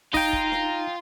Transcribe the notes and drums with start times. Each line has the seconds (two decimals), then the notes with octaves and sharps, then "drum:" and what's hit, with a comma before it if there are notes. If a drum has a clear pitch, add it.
0.14 D#4 F4 D#5 G5 A#5, drum: kick, open hi-hat
0.33 drum: kick
0.52 drum: snare D4